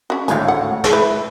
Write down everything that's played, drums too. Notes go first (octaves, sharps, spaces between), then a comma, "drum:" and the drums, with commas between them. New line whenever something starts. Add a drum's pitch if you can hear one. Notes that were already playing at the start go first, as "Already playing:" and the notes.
C#4 F#4
G#1 D2 A2 F5 G#5, drum: hi-hat
F#5
drum: snare
E4 B4